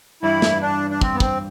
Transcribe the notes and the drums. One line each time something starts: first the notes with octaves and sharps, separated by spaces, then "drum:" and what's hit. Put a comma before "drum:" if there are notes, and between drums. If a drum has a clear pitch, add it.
G2 E3 G3 E4
drum: snare
D4
D4
C4, drum: kick
B3
C4, drum: kick